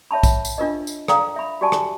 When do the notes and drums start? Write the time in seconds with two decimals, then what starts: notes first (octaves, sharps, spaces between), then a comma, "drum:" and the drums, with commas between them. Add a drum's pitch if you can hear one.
0.11 C#5 E5 A5 B5
0.23 drum: kick, tambourine
0.45 drum: tambourine
0.58 D4 F4 A#4 D#5
0.87 drum: tambourine
1.08 A4 D5 F5 G5 A#5 D#6, drum: rim click
1.36 E5 B5
1.61 F#4 G4 D5 G#5 A5
1.72 drum: rim click